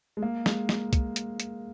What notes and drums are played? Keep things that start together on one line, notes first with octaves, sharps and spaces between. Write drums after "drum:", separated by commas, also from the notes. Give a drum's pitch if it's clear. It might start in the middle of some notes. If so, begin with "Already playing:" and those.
G#3
A#3
G#3, drum: snare
A#3, drum: snare
drum: kick, hi-hat
drum: hi-hat
drum: hi-hat